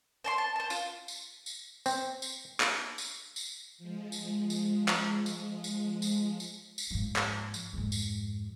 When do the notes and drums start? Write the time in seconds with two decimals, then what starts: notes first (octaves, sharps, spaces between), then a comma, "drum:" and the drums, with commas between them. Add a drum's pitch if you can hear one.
0.24 C5 A5 C6
0.38 A5
0.56 C5 A5
0.70 F4, drum: tambourine
1.08 drum: tambourine
1.46 drum: tambourine
1.86 C4, drum: tambourine
2.22 drum: tambourine
2.60 drum: clap
2.98 drum: tambourine
3.36 drum: tambourine
3.78 F3 G#3
4.12 drum: tambourine
4.50 drum: tambourine
4.88 drum: clap
5.26 drum: tambourine
5.64 drum: tambourine
6.02 drum: tambourine
6.40 drum: tambourine
6.78 drum: tambourine
6.91 G#2 F3
7.16 drum: clap
7.54 drum: tambourine
7.73 F2 G#2
7.92 drum: tambourine